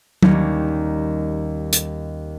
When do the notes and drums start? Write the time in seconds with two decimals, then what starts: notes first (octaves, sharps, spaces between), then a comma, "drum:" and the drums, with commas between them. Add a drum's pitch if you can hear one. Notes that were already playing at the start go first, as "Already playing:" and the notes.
0.23 D#2 D#3 G3 C#4, drum: tom F#3
1.73 drum: hi-hat